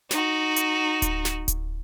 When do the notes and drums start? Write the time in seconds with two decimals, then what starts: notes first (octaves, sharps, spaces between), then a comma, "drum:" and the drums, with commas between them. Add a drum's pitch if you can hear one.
0.11 D#4 F#4, drum: snare
0.56 drum: hi-hat
1.02 drum: kick D1, hi-hat
1.25 drum: snare
1.48 drum: kick D1, hi-hat